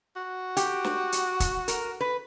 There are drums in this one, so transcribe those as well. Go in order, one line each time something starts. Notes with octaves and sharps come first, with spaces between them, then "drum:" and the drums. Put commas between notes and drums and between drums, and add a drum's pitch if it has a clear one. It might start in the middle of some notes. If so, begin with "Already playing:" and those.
F#4
G4, drum: hi-hat
drum: snare
drum: hi-hat
drum: kick, hi-hat
A#4, drum: hi-hat
B4